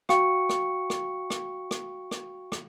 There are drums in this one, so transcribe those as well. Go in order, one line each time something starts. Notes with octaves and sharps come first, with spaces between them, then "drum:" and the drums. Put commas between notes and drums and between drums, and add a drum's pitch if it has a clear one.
F#4 F5 G5 C#6 C#7, drum: rim click
drum: rim click
drum: rim click
drum: rim click
drum: rim click
drum: rim click
drum: rim click